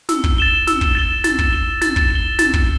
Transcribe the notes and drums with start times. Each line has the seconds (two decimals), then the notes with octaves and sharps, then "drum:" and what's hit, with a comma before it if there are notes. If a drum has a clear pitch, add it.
0.09 E6, drum: snare
0.24 drum: kick
0.38 A6 E7 G7
0.67 E6, drum: snare
0.81 drum: kick
0.95 A6 E7 G7
1.24 A6, drum: snare
1.39 drum: kick
1.53 E7 G7
1.82 A6, drum: snare
1.96 drum: kick
2.10 E7 G7
2.39 A6, drum: snare
2.54 drum: kick